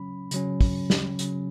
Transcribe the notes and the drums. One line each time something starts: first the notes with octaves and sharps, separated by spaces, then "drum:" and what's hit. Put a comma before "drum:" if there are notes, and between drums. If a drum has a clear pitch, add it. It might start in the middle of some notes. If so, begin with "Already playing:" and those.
Already playing: C#3 F#3 C#4 B5
C#3 F#3 C#4, drum: hi-hat
drum: kick, open hi-hat
drum: snare
C#3 F#3 C#4, drum: hi-hat